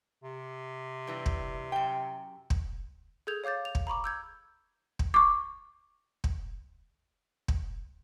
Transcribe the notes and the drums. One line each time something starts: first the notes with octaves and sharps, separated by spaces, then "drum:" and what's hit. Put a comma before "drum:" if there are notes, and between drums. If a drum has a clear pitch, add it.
C3
G2 E3 G3
drum: kick
F#2 G5
drum: kick
G#4 A4 G6 G#6 F7
C#5 F5 D6 G6 A6
F7
drum: kick
A#5 B5 C#6 D6
E6 G6 G#6
drum: kick
C#6 D6
drum: kick
drum: kick